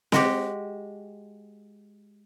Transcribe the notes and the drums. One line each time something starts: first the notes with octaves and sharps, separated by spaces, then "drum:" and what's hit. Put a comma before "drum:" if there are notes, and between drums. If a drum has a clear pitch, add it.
G#3 F#4 G4, drum: snare C4